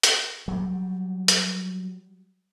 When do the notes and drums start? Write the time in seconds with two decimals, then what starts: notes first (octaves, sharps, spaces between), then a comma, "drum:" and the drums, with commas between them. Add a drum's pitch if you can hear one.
0.03 drum: hi-hat
0.48 F#3 G3
1.28 drum: hi-hat